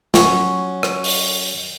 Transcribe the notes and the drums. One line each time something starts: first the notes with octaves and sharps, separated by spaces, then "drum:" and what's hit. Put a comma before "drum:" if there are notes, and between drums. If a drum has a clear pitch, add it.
F#3 C#4, drum: snare
drum: rim click
drum: open hi-hat